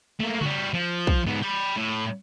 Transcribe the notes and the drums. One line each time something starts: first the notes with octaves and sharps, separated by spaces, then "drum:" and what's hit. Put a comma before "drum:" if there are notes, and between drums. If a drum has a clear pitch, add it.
A3 A#3
G3 F#4, drum: tom C#3
F3
drum: kick
G#2 B3
G5 B5
A2